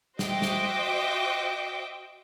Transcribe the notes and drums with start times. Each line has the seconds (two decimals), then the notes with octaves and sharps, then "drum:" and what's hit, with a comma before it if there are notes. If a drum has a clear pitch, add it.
0.19 F#4 C5 D#5 E5 G5 D6, drum: snare
0.42 drum: snare